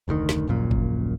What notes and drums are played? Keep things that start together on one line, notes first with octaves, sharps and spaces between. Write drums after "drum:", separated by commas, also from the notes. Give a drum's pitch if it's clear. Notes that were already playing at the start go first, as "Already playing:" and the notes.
F1 D2 B2 D#3
drum: snare
D#1 A#1 F#2 A#2
drum: kick G1